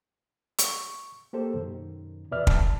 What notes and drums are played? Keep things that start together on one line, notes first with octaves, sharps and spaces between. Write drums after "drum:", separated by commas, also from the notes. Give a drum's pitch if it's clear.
C#6, drum: hi-hat
A#3 G4 A4 C5
F#2 B2 D#3
E2 B2 B4 D5 E5 F6
F2 A5, drum: kick